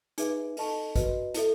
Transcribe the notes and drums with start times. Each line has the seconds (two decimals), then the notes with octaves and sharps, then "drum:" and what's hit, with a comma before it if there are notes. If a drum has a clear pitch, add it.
0.18 D#4 G#4 B4 E5, drum: hi-hat
0.57 D#4 A4 D#5 A5 C#6, drum: open hi-hat
0.96 F#4 B4 D#5, drum: kick, hi-hat
1.34 E4 A4 E5, drum: hi-hat